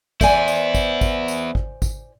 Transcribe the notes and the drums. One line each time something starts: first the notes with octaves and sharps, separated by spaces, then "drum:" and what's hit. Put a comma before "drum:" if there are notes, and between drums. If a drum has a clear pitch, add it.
B3 E4 C5 D5 G#5, drum: kick, tambourine
drum: tambourine
drum: kick, tambourine
drum: kick, tambourine
drum: tambourine
drum: kick
drum: kick, tambourine